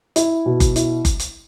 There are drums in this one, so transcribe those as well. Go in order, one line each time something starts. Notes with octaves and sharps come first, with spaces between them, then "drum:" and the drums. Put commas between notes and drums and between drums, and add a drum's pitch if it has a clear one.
E4, drum: hi-hat
B2
drum: kick F#1, hi-hat
E4, drum: hi-hat
drum: kick F#1, hi-hat
drum: hi-hat